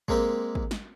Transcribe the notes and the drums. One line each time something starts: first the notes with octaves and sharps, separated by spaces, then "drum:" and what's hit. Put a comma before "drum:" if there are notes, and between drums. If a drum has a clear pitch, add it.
G#3 A#3 C4 G4, drum: kick
drum: kick
drum: snare